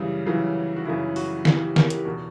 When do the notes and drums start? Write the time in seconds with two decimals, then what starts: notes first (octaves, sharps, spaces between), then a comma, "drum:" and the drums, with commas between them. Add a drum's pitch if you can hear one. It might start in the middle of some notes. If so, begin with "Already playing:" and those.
Already playing: F#2 C#3 E3 G3
0.26 F#2 C#3 E3 F#3
0.76 F#4
0.85 F#2 C#3 E3 E4
1.16 F#4, drum: open hi-hat
1.45 F#2 C#3 E3 G4, drum: snare
1.61 G4
1.76 A#4, drum: snare
1.90 G4, drum: hi-hat
2.05 E2 B2 F#4